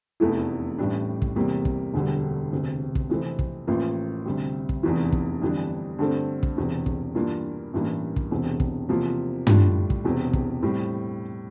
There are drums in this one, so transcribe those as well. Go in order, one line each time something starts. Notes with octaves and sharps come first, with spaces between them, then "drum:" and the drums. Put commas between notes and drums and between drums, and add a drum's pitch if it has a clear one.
F1 E2 E3 A3 E4
A1 A2 G3 D4
drum: kick
E2 C3 G3 A#3
drum: kick
E1 D2 D3 G3
E1 D2 C3
drum: kick
F2 C3 E3 A3 C4
drum: kick
A1 A2 F3 A#3 F4
D2 C3 G3
drum: kick
F1 E2 E3
drum: kick
G1 F2 E3 G3 D4
G2 D3 A3 C4
drum: kick
E1 E2 C3
drum: kick
G2 E3 A#3 D4 F4
A1 G2 E3 A#3
drum: kick
E1 E2 C3
drum: kick
E2 C3 F3 A#3 F4
A2 G3 D4 F4, drum: tom
drum: kick
E1 E2 C3
drum: kick
A2 G3 C4